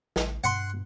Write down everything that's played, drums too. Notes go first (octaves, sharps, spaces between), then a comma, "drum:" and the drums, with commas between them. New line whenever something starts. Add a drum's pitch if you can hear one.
A1, drum: snare
G2 F#5 C6